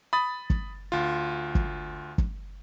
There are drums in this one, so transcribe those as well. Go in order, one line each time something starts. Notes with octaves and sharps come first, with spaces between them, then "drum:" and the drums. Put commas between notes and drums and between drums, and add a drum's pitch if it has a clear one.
B5 D#6 A6
drum: kick
D2 F4
drum: kick
drum: kick